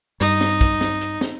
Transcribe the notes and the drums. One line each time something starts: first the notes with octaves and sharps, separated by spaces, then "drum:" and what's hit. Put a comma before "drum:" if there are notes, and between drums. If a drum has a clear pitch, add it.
G2 D#4, drum: hi-hat
drum: snare
drum: kick, hi-hat
drum: snare
drum: hi-hat
drum: snare